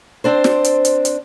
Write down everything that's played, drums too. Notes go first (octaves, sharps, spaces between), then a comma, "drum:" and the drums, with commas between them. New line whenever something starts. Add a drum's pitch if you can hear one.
C4 D4 C5
drum: snare
drum: hi-hat
drum: hi-hat
drum: hi-hat